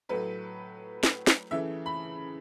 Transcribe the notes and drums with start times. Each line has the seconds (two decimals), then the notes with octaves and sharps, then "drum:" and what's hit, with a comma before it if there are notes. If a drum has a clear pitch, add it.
0.09 A2 F#3 A3 B4
1.03 drum: snare
1.27 drum: snare
1.51 C#3 E3 A3 E5
1.86 B5